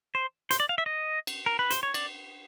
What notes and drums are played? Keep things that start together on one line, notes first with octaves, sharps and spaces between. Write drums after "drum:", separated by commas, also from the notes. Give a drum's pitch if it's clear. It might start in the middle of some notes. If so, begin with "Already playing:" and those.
C5
C5, drum: hi-hat
D5
F5
E5
D#5
drum: cymbal
A#4
B4
C5, drum: hi-hat
C#5
D5, drum: cymbal